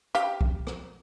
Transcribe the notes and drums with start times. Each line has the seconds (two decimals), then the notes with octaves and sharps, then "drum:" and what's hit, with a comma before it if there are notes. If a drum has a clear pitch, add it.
0.15 G4 F5, drum: hi-hat
0.41 drum: kick
0.67 drum: rim click